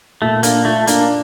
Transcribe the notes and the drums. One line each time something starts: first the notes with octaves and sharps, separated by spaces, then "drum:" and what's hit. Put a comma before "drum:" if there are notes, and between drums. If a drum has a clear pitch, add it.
A#2 A3
A#3 D4, drum: hi-hat
A3 F4
A#3 D4, drum: hi-hat